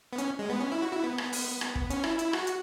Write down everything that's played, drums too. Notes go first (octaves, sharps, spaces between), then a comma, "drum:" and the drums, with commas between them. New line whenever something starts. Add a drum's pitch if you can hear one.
B3
C#4, drum: hi-hat
G#3
B3
C#4
E4
F#4
E4
B3
drum: rim click
drum: open hi-hat
drum: rim click
drum: kick
C#4, drum: hi-hat
E4, drum: rim click
E4, drum: hi-hat
F#4, drum: rim click
drum: hi-hat